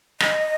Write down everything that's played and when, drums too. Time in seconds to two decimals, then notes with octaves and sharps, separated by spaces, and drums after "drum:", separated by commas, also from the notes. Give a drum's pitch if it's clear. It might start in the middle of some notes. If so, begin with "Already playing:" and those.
0.20 D#5, drum: rim click